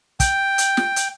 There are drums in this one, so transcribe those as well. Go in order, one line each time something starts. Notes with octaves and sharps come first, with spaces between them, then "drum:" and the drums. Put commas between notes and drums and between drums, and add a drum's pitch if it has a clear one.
G5, drum: kick, hi-hat
drum: hi-hat
drum: snare
drum: hi-hat